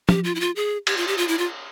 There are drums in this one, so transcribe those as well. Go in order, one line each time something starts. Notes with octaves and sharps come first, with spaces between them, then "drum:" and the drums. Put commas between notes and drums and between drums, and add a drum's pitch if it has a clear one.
G4, drum: tom
F4
E4
F4
G#4
G4, drum: cymbal
F4
G4
F4
E4
F4